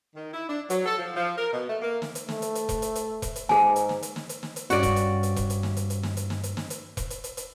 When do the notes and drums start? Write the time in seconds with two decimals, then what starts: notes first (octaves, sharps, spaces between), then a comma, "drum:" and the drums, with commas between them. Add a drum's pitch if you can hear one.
0.16 D#3
0.33 E4
0.49 D4
0.70 F#3, drum: hi-hat
0.86 A4
0.98 F3
1.16 F3
1.38 A#4
1.53 B2
1.69 A3
1.82 A#3
2.02 drum: snare
2.15 drum: hi-hat
2.29 A3, drum: snare
2.42 drum: hi-hat
2.55 drum: hi-hat
2.69 drum: kick E1, hi-hat
2.82 drum: hi-hat
2.95 drum: hi-hat
3.22 drum: kick E1, hi-hat
3.36 drum: hi-hat
3.49 G#2 G#4 G#5, drum: snare
3.76 drum: hi-hat
3.89 drum: snare
4.03 drum: hi-hat
4.16 drum: snare
4.29 drum: hi-hat
4.43 drum: snare
4.56 drum: hi-hat
4.70 G2 C#4 F#4 D5, drum: hi-hat
4.83 drum: kick E1, hi-hat
4.96 drum: hi-hat
5.23 drum: hi-hat
5.36 drum: kick E1, hi-hat
5.50 drum: hi-hat
5.63 drum: snare
5.77 drum: hi-hat
5.90 drum: hi-hat
6.03 drum: snare
6.17 drum: hi-hat
6.30 drum: snare
6.43 drum: hi-hat
6.57 drum: snare
6.70 drum: hi-hat
6.97 drum: kick E1, hi-hat
7.10 drum: hi-hat
7.24 drum: hi-hat
7.37 drum: hi-hat